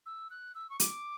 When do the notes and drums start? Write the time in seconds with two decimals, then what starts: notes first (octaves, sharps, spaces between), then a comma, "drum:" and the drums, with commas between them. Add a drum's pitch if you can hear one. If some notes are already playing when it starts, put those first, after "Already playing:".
0.06 E6
0.30 F#6
0.55 E6
0.70 C#6
0.80 D6, drum: hi-hat